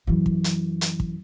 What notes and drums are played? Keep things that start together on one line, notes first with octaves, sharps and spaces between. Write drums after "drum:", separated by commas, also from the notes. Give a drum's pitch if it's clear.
F#2 E3
drum: kick
drum: hi-hat
drum: hi-hat
drum: kick